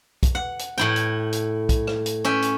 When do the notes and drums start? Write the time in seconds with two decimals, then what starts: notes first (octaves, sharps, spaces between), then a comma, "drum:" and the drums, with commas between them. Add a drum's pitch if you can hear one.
0.23 drum: kick, hi-hat
0.35 F#5
0.59 drum: hi-hat
0.78 A2 E4 G5
0.96 drum: hi-hat
1.33 drum: hi-hat
1.69 drum: kick, hi-hat
1.87 drum: rim click
2.06 drum: hi-hat
2.25 C#4 E5 G5
2.42 drum: hi-hat